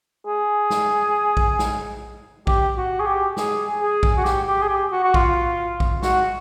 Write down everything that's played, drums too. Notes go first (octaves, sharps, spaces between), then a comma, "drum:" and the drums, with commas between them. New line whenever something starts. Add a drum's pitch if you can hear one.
G#4
drum: snare
drum: kick A#1
drum: snare
G4, drum: kick A#1
F#4
G#4
G4
G#4, drum: snare
G#4
drum: kick A#1
F#4
G4, drum: snare
G4
G#4
G4
F#4
F#4
F4, drum: kick A#1
drum: kick A#1
F#4, drum: snare